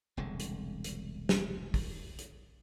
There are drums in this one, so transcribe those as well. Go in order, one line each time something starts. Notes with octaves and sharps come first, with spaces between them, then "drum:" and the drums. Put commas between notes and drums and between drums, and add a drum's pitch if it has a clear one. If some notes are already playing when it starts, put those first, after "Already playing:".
E1 C2 D3 G#3
drum: hi-hat
drum: hi-hat
drum: snare
drum: kick, open hi-hat
drum: hi-hat